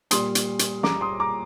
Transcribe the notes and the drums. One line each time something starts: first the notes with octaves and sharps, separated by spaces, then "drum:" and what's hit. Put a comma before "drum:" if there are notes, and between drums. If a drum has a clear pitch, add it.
A#2 G3 C6 D#6, drum: hi-hat
drum: hi-hat
drum: hi-hat
A#5 D6, drum: snare
C6 D#6
A#5 D6